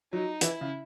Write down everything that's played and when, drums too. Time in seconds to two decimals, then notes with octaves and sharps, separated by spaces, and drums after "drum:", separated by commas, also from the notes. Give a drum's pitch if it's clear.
0.13 F#3 D#4
0.41 E3 E4, drum: hi-hat
0.61 C#3